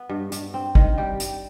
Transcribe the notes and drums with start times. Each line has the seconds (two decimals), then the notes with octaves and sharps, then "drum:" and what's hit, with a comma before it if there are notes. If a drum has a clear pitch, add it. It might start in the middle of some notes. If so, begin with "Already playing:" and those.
Already playing: B3
0.09 G2
0.32 G2, drum: hi-hat
0.54 C4
0.75 D#3, drum: kick
0.98 G3 G4
1.20 drum: hi-hat